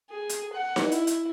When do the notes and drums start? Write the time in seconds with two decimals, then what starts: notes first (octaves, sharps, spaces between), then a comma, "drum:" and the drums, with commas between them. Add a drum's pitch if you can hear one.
0.11 G#4
0.29 drum: hi-hat
0.53 F#5
0.76 drum: snare D#4
0.92 E4, drum: hi-hat
1.07 drum: hi-hat